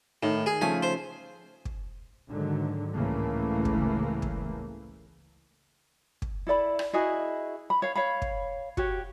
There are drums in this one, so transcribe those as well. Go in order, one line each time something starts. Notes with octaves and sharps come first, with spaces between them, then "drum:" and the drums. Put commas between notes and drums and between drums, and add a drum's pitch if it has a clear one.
A2 D#3
G#4
C#3 F3 A3 G#5
C5
drum: kick
G#2 D3 D#3 F#3
C#2 A2 C#3 E3 A3 A#3
drum: kick
drum: kick
drum: kick
E4 A4 D5 B5
drum: rim click
E4 F#4 G#4 D#5
B5
C#5 F5
C#5 F5 B5
drum: kick
F#4 G4 C#5, drum: kick